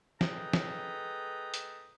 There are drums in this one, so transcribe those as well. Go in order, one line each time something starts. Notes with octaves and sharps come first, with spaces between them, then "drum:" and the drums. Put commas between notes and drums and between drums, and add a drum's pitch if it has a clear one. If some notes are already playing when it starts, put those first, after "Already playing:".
G#3 A4 B4 G5 A#5 D#6, drum: snare
drum: snare
drum: hi-hat